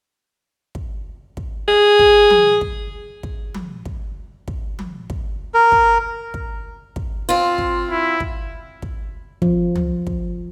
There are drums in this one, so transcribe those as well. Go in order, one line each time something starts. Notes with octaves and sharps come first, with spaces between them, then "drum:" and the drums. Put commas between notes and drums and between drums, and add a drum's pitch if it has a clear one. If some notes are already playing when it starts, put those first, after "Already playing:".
drum: kick
drum: kick
G#4
drum: kick
drum: tom F3
drum: kick
drum: kick
drum: tom F3
drum: kick
drum: kick
drum: tom F3
drum: kick
A#4
drum: kick
drum: kick
drum: kick
C4 F4
drum: kick
E4
drum: kick
drum: kick
F3, drum: kick
drum: tom
drum: kick